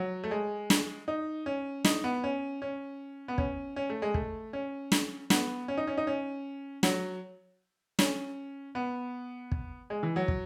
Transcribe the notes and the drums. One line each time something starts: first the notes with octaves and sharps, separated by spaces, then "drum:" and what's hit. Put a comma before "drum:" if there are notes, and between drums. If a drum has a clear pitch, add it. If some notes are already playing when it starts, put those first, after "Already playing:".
Already playing: F#3
A3
G#3
drum: snare
D#4
C#4
D#4, drum: snare
B3
C#4
C#4
B3
C#4, drum: kick
C#4
A3
G#3
A3, drum: kick
C#4
drum: snare
B3, drum: snare
C#4
D#4
C#4
D#4
C#4
F#3, drum: snare
C#4, drum: snare
B3
drum: kick
G#3
E3
F#3
drum: kick